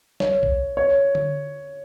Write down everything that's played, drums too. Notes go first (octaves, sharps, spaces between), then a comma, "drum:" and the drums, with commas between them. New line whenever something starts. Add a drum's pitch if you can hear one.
C#5, drum: snare
drum: kick B1
C#5
drum: tom D3